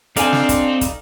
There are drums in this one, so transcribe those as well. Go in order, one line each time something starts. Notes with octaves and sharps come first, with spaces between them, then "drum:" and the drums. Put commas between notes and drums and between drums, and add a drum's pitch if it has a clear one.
C4 D4 D#4 A4 D5 F5 G#5, drum: hi-hat
drum: snare
drum: kick, hi-hat
drum: kick, hi-hat